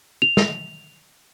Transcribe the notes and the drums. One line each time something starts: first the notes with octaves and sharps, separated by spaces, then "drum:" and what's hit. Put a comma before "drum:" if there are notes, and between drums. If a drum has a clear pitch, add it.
F7
drum: snare